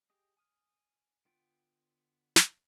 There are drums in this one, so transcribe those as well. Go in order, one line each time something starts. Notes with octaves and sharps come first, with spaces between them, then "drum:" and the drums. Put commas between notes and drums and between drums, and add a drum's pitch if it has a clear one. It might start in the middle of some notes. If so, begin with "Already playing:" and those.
G4 G#4 D#5
G#5 D#6 F6
D3 B3 F4 G5
drum: snare